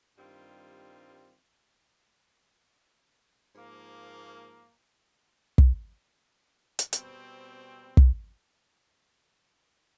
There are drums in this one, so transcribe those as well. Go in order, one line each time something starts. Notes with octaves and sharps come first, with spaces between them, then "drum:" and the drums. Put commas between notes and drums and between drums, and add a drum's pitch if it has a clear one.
G2 D#3 G3 C4 F4
G#2 F3 A#3
drum: kick
drum: hi-hat
B2 G3 C4, drum: hi-hat
drum: kick